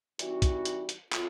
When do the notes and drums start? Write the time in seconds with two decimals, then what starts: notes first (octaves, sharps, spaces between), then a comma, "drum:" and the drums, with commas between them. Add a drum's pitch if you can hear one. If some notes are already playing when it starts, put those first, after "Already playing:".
0.19 E3 G3 C4 D#4 F#4, drum: hi-hat
0.42 drum: kick B1, hi-hat
0.65 drum: hi-hat
0.89 drum: hi-hat
1.13 F#3 A3 C4 F4, drum: clap